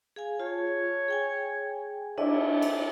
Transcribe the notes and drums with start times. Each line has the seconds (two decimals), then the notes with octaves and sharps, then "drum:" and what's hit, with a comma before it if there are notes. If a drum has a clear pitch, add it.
0.16 G#4 F5 G#5
0.40 F4 C#5 A5
1.08 G#4 G5 G#5
2.18 D4 D#5 E5, drum: cymbal
2.62 drum: cymbal